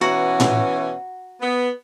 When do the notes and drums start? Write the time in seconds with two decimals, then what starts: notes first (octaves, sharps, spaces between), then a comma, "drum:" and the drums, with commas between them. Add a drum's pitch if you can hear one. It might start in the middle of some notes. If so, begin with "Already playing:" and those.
0.01 B2 E3 C#4 F#4 F#5 A#5
0.40 drum: tom A2
1.41 B3